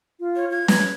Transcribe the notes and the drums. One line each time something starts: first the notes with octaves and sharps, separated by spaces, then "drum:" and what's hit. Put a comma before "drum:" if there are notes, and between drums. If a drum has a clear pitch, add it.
F4
C#5
F4 G#6
B4, drum: snare